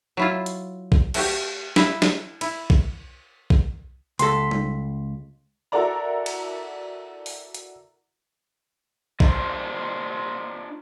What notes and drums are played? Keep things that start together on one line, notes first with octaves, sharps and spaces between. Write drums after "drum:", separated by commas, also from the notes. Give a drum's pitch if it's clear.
F#3 E4 F4
drum: hi-hat
drum: kick B1
A3 F#4 G4, drum: cymbal
E4 F5, drum: snare
drum: snare
E4, drum: cymbal
drum: kick B1
drum: kick B1
C#2 A4 C6 B6, drum: hi-hat
drum: tom G3
E4 F#4 A4 A#4 D5 A#5
drum: cymbal
drum: open hi-hat
drum: hi-hat
D4 F4 C5 D#5, drum: kick B1